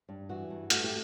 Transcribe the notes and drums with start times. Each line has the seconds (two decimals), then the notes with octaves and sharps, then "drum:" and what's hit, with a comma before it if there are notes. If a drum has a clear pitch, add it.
0.09 G2
0.29 E3 F#4
0.50 G2
0.70 A3 F#4, drum: hi-hat
0.84 G4